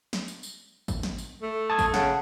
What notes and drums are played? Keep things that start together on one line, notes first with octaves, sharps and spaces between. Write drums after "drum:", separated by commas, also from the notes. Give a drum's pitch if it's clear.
drum: snare
drum: tambourine
drum: tambourine
drum: kick G#1, tambourine
drum: snare
drum: tambourine
A3
A5 D#6 G#6
drum: kick G#1, tambourine
C#3 F#5 A5, drum: snare